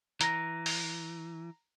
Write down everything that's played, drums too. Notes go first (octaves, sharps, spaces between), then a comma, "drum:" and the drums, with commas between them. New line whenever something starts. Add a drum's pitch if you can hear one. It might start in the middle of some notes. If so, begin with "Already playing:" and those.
E3 A#5 A#6, drum: hi-hat
drum: open hi-hat